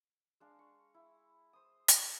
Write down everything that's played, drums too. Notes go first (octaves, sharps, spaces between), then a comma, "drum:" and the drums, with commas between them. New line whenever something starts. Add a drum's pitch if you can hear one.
G#3 D4 F5
C#6
E4
C5 D#6
D#4 G4 A4, drum: hi-hat